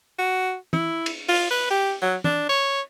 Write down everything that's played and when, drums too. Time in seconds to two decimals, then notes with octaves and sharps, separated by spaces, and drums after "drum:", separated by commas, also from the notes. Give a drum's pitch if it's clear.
0.19 F#4
0.73 E4, drum: tom
1.06 drum: cymbal
1.29 F4, drum: open hi-hat
1.50 B4
1.70 G4
2.02 F#3
2.24 D4, drum: tom
2.49 C#5